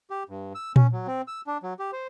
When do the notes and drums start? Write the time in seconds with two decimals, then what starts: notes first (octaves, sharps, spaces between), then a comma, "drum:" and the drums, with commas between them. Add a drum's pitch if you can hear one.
0.10 G4
0.29 G2
0.55 E6
0.76 C#4, drum: tom A#2
0.93 F#3
1.07 C4
1.28 E6
1.47 D4
1.63 F#3
1.79 G4
1.93 C5